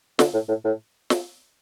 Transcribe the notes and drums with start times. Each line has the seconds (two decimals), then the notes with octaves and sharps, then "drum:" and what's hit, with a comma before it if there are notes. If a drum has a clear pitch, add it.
0.19 D3, drum: snare
0.34 A2
0.49 A2
0.65 A2
1.10 drum: snare